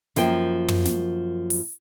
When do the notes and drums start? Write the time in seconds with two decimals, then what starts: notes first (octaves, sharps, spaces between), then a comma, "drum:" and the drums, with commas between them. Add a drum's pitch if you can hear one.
0.16 F#2 F3 A#3 G5, drum: snare
0.68 drum: tom
0.85 drum: snare
1.50 drum: open hi-hat